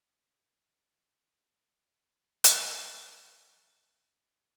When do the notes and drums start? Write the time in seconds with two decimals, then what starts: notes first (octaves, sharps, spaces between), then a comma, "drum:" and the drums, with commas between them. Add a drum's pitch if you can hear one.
0.25 D4
0.66 D#5
1.36 D4
1.78 B4
2.44 drum: hi-hat
3.40 A#3
3.70 E5